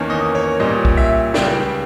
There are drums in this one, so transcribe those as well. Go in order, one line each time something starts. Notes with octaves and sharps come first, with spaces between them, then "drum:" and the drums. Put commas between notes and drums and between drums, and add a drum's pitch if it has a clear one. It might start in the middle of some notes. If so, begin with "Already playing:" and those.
Already playing: E2 D#3 A#3 C#4
D#5
C#5
A#2 G3 C#4 D#5
drum: kick B1
E5
C#2 C#3 G3 G5, drum: snare